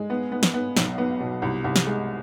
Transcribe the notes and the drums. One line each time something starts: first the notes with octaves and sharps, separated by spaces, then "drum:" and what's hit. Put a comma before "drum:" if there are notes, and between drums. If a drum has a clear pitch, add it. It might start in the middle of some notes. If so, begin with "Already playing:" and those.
Already playing: G#3
B3
B3
drum: snare
B3
B1, drum: snare
B3
B2
C2
C2
drum: snare
G#3